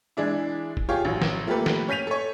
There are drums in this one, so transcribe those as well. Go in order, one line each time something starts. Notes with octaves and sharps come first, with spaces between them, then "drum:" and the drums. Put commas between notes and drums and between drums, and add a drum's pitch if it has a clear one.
E3 G#3 D4 E4
drum: kick F1
F4 G4 G#4 C#5 F5 G5
A1 F#3
drum: snare
F3 A3 A#3 G4 A4 B4
drum: snare
C#4 G6 B6 D#7 F7
A4 C#5